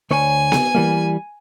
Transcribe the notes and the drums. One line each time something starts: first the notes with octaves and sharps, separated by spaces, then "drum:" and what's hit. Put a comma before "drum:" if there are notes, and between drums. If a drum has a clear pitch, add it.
D2 C#5 G#5
drum: snare B3
E3 G3 A#3